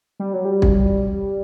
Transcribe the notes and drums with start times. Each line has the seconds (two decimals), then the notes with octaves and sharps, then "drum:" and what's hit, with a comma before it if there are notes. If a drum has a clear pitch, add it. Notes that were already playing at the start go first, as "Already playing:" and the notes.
0.20 G3
0.33 F#3
0.45 G3
0.62 drum: kick